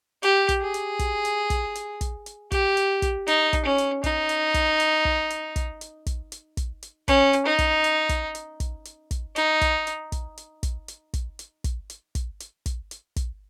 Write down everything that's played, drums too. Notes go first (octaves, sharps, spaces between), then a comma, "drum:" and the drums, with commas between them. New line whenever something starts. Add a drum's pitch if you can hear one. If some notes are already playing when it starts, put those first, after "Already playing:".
G4, drum: hi-hat
drum: kick, hi-hat
G#4
drum: hi-hat
drum: kick, hi-hat
drum: hi-hat
drum: kick, hi-hat
drum: hi-hat
drum: kick, hi-hat
drum: hi-hat
G4, drum: kick, hi-hat
drum: hi-hat
drum: kick, hi-hat
D#4, drum: hi-hat
drum: kick, hi-hat
C#4
drum: hi-hat
D#4, drum: kick, hi-hat
drum: hi-hat
drum: kick, hi-hat
drum: hi-hat
drum: kick
drum: hi-hat
drum: kick, hi-hat
drum: hi-hat
drum: kick, hi-hat
drum: hi-hat
drum: kick, hi-hat
drum: hi-hat
C#4, drum: kick, hi-hat
drum: hi-hat
D#4
drum: kick, hi-hat
drum: hi-hat
drum: kick, hi-hat
drum: hi-hat
drum: kick, hi-hat
drum: hi-hat
drum: kick, hi-hat
D#4, drum: hi-hat
drum: kick, hi-hat
drum: hi-hat
drum: kick, hi-hat
drum: hi-hat
drum: kick, hi-hat
drum: hi-hat
drum: kick, hi-hat
drum: hi-hat
drum: kick, hi-hat
drum: hi-hat
drum: kick, hi-hat
drum: hi-hat
drum: kick, hi-hat
drum: hi-hat
drum: kick, hi-hat